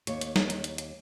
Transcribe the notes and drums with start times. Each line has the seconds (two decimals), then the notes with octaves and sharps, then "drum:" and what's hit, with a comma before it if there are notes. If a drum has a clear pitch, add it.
0.07 D#2 C#5, drum: hi-hat
0.21 drum: hi-hat
0.36 drum: snare
0.50 drum: hi-hat
0.64 drum: hi-hat
0.78 drum: hi-hat